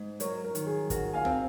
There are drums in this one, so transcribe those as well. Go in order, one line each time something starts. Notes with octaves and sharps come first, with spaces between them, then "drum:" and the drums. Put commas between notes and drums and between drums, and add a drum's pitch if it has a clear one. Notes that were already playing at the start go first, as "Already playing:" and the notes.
Already playing: G#2
F#3 A#4 C#5, drum: hi-hat
A#4
D#3, drum: hi-hat
G#4
F#4 A#4, drum: kick, hi-hat
F5 G#5
C4, drum: tom